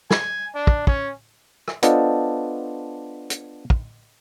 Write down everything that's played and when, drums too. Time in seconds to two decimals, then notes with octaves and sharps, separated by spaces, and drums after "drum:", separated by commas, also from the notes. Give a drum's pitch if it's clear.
0.10 G#5, drum: snare
0.54 D4
0.67 drum: kick
0.87 C#4, drum: kick
1.68 drum: rim click
1.83 B3 D4 F4 A4 C5 D#5, drum: hi-hat
3.30 drum: hi-hat
3.70 drum: kick